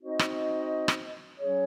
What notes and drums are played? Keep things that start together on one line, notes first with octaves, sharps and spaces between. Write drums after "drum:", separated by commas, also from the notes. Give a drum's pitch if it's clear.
C4 D#4 F#4 C5 D#5
drum: rim click
drum: rim click
F#3 C#4 G#4 C#5